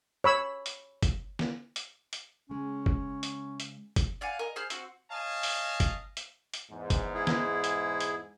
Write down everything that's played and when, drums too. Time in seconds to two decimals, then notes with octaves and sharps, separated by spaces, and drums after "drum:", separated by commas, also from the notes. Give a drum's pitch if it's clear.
0.24 C#5 B5 E6
0.66 drum: hi-hat
1.02 drum: kick G1, hi-hat
1.39 drum: snare
1.76 drum: hi-hat
2.13 drum: hi-hat
2.49 C#3 G#3 C#4
2.86 drum: kick G1
3.23 drum: hi-hat
3.60 drum: hi-hat
3.96 drum: kick G1, hi-hat
4.21 D5 F5 F#5 G#5
4.39 A#4 D#5
4.56 G#4 C5 F6
4.70 C4 F#4, drum: hi-hat
5.11 C#5 D#5 F5 G#5 A5
5.43 drum: open hi-hat
5.80 drum: kick G1, hi-hat
6.17 drum: hi-hat
6.54 drum: hi-hat
6.70 E2 G#2
6.90 drum: kick G1, hi-hat
7.14 E4 G#4
7.27 drum: snare
7.64 drum: hi-hat
8.00 drum: hi-hat